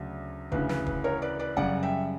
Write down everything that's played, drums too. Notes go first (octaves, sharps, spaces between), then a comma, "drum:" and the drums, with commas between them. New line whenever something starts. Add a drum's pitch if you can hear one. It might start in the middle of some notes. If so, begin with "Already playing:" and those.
Already playing: D2 C#3 F#3
D2 C#3 E3 B4, drum: kick
B4, drum: snare
B4, drum: kick
A#4 C#5
B4 D5
B4 D5
F#2 C#3 G3 D5 F#5, drum: kick
E5 G5